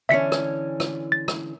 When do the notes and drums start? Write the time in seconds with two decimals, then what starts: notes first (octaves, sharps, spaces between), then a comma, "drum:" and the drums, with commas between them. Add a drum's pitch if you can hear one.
0.09 D3 E3 C#4 E5 B6 C#7
0.32 drum: rim click
0.80 drum: rim click
1.12 A6
1.28 drum: rim click